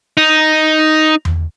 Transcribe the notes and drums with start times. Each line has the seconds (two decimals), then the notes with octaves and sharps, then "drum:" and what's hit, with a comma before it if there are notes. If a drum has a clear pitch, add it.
0.17 D#4
1.25 drum: tom E2